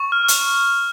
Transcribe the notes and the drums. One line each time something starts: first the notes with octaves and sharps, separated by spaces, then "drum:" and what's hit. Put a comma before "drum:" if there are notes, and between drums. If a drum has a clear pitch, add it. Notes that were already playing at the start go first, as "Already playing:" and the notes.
Already playing: C#6
F6
drum: hi-hat